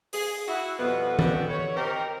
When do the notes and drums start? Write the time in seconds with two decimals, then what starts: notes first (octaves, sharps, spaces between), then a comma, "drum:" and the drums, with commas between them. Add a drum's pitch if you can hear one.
0.13 G#4, drum: open hi-hat
0.48 E4 F#4
0.79 F2 B2 G3 B3
1.19 D3 D#3 B3 F#4 G4 A4, drum: tom E3
1.50 C#5
1.76 C4 D#4 G4 A#4